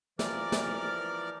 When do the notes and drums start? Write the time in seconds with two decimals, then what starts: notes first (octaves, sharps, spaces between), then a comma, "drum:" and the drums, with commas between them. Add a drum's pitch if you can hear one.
0.19 E3 F3 A#4 D5 D6 F6, drum: snare
0.52 drum: snare